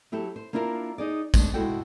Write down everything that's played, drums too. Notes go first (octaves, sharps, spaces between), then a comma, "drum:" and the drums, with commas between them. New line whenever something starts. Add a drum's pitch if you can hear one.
F#3 E4 G4 A4
C5
A#3 D4 E4 F4 A#4
D#4 G#4 D5
G#3 A3 D4, drum: kick, tambourine
G#3 E4 F#4 A4 F#5 G5